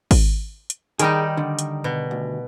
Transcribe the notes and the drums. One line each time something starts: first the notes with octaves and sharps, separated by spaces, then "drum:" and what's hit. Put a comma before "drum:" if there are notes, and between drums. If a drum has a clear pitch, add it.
drum: kick G#1, open hi-hat
drum: hi-hat
D#3 G3 D#4 G#4, drum: hi-hat
D3
drum: hi-hat
B2
D2